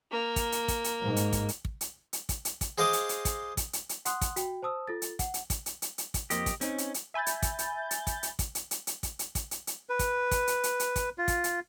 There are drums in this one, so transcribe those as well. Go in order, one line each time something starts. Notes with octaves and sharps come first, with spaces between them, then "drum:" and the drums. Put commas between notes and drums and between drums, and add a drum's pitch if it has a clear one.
A#3
drum: kick, hi-hat
drum: hi-hat
drum: kick, hi-hat
drum: hi-hat
G#2
drum: hi-hat
drum: kick, hi-hat
drum: hi-hat
drum: kick
drum: hi-hat
drum: hi-hat
drum: kick, hi-hat
drum: hi-hat
drum: kick, hi-hat
G#4 C5 D#5 F5 D6 D#6
drum: hi-hat
drum: hi-hat
drum: kick, hi-hat
drum: kick, hi-hat
drum: hi-hat
drum: hi-hat
F#5 C6 D#6 F#6, drum: hi-hat
drum: kick, hi-hat
F#4 G5, drum: hi-hat
C5 A5 D#6 E6
F4 A4 A6
drum: hi-hat
F#5, drum: kick, hi-hat
drum: hi-hat
drum: kick, hi-hat
drum: hi-hat
drum: hi-hat
drum: hi-hat
drum: kick, hi-hat
F2 A#3 F4 G4 D#5, drum: hi-hat
drum: kick, hi-hat
C4 C#4 D#4, drum: hi-hat
drum: hi-hat
drum: hi-hat
E5 G#5 B5 G6 A6
drum: hi-hat
drum: kick, hi-hat
drum: hi-hat
drum: hi-hat
drum: kick, hi-hat
drum: hi-hat
drum: kick, hi-hat
drum: hi-hat
drum: hi-hat
drum: hi-hat
drum: kick, hi-hat
drum: hi-hat
drum: kick, hi-hat
drum: hi-hat
drum: hi-hat
B4
drum: kick, hi-hat
drum: kick, hi-hat
drum: hi-hat
drum: hi-hat
drum: hi-hat
drum: kick, hi-hat
F4
drum: kick, hi-hat
drum: hi-hat